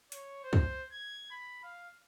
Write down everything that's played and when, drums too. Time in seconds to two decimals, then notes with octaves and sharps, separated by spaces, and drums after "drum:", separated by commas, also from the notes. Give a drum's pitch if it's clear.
0.12 C#5, drum: hi-hat
0.43 C5
0.53 drum: kick
0.92 G#6
1.31 B5
1.64 F5